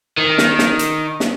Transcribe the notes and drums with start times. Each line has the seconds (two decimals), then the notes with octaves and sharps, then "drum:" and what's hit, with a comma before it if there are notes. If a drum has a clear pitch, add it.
0.18 D#3
0.38 drum: snare
0.59 drum: snare
0.79 drum: hi-hat
1.20 drum: snare